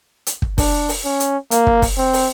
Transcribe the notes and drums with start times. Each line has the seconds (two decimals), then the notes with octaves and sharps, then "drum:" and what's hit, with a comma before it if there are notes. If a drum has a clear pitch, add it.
0.26 drum: hi-hat
0.42 drum: kick
0.58 D4, drum: kick, open hi-hat
0.89 drum: open hi-hat
1.05 C#4
1.20 drum: hi-hat
1.51 A#3, drum: hi-hat
1.67 drum: kick
1.82 drum: kick, open hi-hat
1.98 C4
2.13 drum: open hi-hat